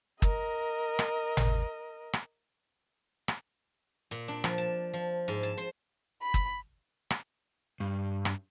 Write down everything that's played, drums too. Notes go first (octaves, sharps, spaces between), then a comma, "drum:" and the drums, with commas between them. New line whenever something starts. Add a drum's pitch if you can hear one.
A#4 D#5, drum: kick
drum: rim click
drum: tom G#1
drum: rim click
drum: rim click
A#2
D4
F3, drum: rim click
A5
F3
G#2
A5
C5
B5
drum: kick
drum: rim click
G2
drum: rim click